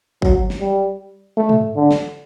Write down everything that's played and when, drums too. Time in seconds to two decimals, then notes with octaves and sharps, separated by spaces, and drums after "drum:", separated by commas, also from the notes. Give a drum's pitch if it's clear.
0.22 F#3, drum: kick
0.50 drum: snare
0.60 G3
1.37 A3
1.49 drum: tom
1.76 D3
1.91 drum: snare